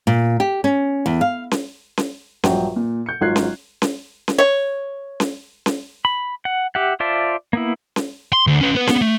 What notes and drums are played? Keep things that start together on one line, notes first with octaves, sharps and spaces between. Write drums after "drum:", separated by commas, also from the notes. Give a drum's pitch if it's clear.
A#2
G4
C#4
E2
F5
drum: snare C#4
drum: snare C#4
A#1 G2 F#3 F#4 G5, drum: snare C#4
A#2
G6 C#7
G#1 F#3 F4 F#6 G#6 C7
drum: snare C#4
drum: snare C#4
drum: snare C#4
C#5
drum: snare C#4
drum: snare C#4
B5
F#5
G4 E5 F#5
F4 C5 D5 E5 A5
A#3 B3 E4
drum: snare C#4
C6
D2
C#4 B4
B3 B4
A#3 B3, drum: snare C#4
A3